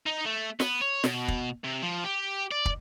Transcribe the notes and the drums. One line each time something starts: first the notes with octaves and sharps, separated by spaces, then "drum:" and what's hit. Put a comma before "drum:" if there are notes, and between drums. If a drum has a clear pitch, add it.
D#4
A3
B3, drum: snare
C#5
B2, drum: snare
drum: kick
C3
F3
G4
D5
drum: kick